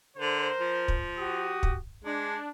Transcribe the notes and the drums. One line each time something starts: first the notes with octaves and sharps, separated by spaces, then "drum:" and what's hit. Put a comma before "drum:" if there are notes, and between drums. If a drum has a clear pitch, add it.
D3 A#4 C5
F3
drum: kick
F#4 G4 D#6
drum: kick
G#3 D4